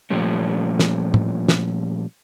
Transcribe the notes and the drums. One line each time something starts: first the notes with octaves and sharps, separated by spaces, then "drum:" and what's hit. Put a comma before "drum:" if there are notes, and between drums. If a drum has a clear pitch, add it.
A#2 F3 G3 A3 C#4
drum: snare
drum: tom
drum: snare